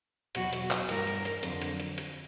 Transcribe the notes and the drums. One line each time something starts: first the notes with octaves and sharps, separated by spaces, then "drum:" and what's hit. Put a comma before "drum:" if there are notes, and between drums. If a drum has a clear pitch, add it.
E2 B2 F#3 F#4, drum: hi-hat
drum: hi-hat
drum: clap
G2 E3 A#4, drum: hi-hat
drum: hi-hat
drum: hi-hat
F2 D3 F#3, drum: hi-hat
drum: hi-hat
drum: hi-hat
drum: hi-hat